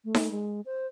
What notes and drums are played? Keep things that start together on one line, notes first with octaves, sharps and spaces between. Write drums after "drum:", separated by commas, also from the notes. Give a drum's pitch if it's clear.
A3
drum: snare D#4
G#3
C5